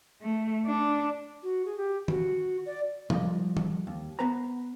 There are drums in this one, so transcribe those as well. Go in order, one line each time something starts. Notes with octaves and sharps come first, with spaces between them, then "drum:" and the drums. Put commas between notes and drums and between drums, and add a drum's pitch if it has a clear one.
A3
D4
F#4
G#4
G4
F#4, drum: tom D#3
D5
F3 G3 D#5, drum: tom
drum: tom D#3
D#2
B3 B4 C5 A#5